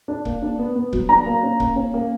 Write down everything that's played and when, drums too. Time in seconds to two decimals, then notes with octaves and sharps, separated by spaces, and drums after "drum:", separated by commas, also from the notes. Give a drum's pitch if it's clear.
0.08 D4
0.25 A#3, drum: kick C#1
0.42 D4
0.59 B3
0.75 B3
0.93 F#3, drum: kick C#1
1.09 D4 A#5
1.26 A#3
1.43 C#4
1.60 A#3, drum: kick C#1
1.76 C#4
1.94 A#3